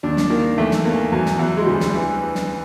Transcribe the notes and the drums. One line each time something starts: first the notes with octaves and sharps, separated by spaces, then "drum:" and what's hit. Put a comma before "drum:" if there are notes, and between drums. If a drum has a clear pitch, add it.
D#2 D4
D4, drum: snare
D#3 A#3
E2 A3
drum: snare
E2 A#3
E2 F#3
drum: snare
E2 F#3
G#3
D2 G3
drum: snare
E3
drum: snare